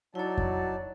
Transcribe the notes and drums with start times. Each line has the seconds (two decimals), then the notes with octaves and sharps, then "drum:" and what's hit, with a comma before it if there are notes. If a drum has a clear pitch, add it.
0.15 F#3 D#4 E4 C#5 D5 A5
0.38 drum: kick F2